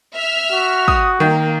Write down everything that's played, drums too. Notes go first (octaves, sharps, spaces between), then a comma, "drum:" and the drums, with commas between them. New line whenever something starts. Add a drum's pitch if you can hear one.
E5 F6
F#4
D#6, drum: kick
D#3 A#3